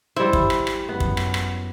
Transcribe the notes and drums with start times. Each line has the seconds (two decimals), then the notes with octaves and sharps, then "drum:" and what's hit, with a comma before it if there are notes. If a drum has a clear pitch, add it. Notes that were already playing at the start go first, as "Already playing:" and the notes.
0.16 G3 E4 C5
0.33 drum: kick
0.50 drum: rim click
0.67 drum: rim click
0.89 F#2 B3
1.00 drum: kick
1.17 drum: rim click
1.34 drum: rim click